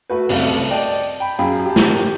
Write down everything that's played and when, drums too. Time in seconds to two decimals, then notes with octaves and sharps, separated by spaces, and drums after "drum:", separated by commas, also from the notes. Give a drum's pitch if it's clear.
0.10 A3 F#4 B4
0.29 F#1 C2 C3 A3 E5 F5, drum: open hi-hat
0.71 D5 D#5 G5 A5
1.20 G5 B5
1.39 F#2 G#4 F5 G5 B5
1.66 G4 A5
1.76 drum: snare